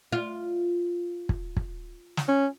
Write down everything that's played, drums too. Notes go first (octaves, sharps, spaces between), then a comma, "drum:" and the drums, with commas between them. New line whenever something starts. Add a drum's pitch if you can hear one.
F4
drum: kick
drum: kick
drum: snare
C#4